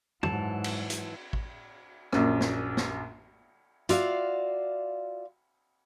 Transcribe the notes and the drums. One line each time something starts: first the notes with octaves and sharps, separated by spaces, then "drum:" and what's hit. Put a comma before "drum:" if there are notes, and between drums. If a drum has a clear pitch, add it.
G#2 E3 F#3 A5, drum: tom
drum: cymbal
drum: hi-hat
drum: kick
A#1 F#2, drum: rim click
drum: snare
drum: snare
F4 F#4 D5 E5 F5, drum: hi-hat